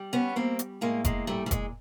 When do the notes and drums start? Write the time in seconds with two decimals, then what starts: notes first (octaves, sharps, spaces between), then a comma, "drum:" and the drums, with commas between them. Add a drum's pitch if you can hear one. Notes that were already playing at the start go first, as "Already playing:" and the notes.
Already playing: G3
0.13 B3 C#4
0.36 G3 A#3 C4
0.59 drum: hi-hat
0.81 A2 G#3 A#3
1.05 G#3 A#3, drum: kick F1, hi-hat
1.27 A#2 G3 A3
1.46 G3
1.51 G#3, drum: kick F1, hi-hat